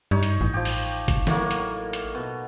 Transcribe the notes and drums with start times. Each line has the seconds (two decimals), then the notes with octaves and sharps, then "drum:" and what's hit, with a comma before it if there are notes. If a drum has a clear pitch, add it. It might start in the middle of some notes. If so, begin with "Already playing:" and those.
0.11 G2 D#4 C#5
0.23 drum: hi-hat
0.41 A1
0.54 F3 G4
0.65 drum: open hi-hat
1.08 drum: kick G1, hi-hat
1.27 A2 F#3 A#3, drum: snare
1.51 drum: hi-hat
1.93 drum: hi-hat
2.15 B2